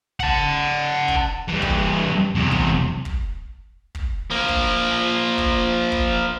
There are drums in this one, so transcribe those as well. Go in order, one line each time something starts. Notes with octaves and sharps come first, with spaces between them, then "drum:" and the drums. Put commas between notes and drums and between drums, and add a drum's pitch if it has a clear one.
F#5 A5, drum: kick
drum: kick
G2 E3
drum: kick
E2 C3
drum: kick
drum: kick
drum: kick
F3 A#3
drum: kick
drum: kick
drum: kick